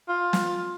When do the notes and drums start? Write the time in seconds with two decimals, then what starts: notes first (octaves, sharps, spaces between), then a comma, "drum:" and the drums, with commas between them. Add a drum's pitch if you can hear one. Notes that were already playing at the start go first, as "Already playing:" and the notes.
0.09 F4
0.33 drum: snare